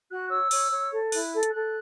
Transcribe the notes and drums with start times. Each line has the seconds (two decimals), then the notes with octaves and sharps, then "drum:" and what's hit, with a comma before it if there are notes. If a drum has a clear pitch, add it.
0.10 F#4 F#6
0.30 C#5 E6
0.51 C#5, drum: open hi-hat
0.71 C#5
0.91 A4
1.12 E4 F#6, drum: open hi-hat
1.32 A4
1.43 drum: hi-hat
1.53 A4 F#6